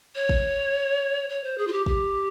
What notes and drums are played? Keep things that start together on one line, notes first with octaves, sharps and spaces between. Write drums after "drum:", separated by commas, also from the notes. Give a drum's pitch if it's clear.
C#5
drum: kick
C#5
C5
G#4
F4
G4
G4, drum: kick